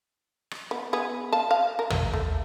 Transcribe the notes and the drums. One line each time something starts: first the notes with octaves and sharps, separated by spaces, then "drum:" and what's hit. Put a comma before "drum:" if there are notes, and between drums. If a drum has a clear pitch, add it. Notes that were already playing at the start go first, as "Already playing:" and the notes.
drum: rim click
B3
B3 G#4
F5 A5
F5
A#4
drum: tom
A3